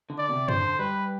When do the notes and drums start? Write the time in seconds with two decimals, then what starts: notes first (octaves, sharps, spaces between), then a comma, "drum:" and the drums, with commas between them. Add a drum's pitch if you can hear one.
0.10 D3
0.18 D5
0.29 B2
0.33 C3
0.49 C5, drum: tom F#2
0.57 D3
0.79 G3 B4